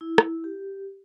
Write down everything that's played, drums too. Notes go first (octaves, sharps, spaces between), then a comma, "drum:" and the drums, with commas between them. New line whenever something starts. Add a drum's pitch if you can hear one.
E4
drum: rim click
G4